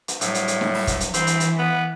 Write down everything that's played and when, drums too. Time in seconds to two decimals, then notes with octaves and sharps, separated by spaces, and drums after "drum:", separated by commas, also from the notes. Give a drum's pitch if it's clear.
0.08 drum: hi-hat
0.21 A2 F#3 G3, drum: hi-hat
0.35 drum: hi-hat
0.48 drum: hi-hat
0.61 drum: snare
0.74 drum: open hi-hat
0.87 drum: kick, hi-hat
1.00 drum: hi-hat
1.14 E3 C4, drum: hi-hat
1.27 drum: hi-hat
1.40 drum: hi-hat
1.59 B3